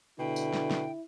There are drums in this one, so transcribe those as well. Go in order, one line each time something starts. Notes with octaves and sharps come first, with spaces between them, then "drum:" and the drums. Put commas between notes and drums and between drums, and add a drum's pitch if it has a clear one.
B2 D3 E4 G5
drum: tambourine
drum: snare
drum: snare